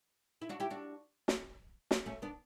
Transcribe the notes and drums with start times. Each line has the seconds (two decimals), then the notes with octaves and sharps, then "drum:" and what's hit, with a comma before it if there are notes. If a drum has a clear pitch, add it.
0.41 E4
0.49 D4 F#4
0.60 E4 G4
0.70 D4 F#4
1.28 drum: snare
1.91 drum: snare
2.06 A3 C#4
2.22 B3 D4